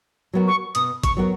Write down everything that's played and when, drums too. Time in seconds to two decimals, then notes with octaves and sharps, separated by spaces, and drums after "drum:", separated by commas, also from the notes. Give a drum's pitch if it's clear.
0.33 F#3 B3 F#4 A#4
0.47 C#6
0.75 B2 D#6, drum: hi-hat
1.04 C#6, drum: kick G#1, hi-hat
1.17 F#3 B3 F#4 A#4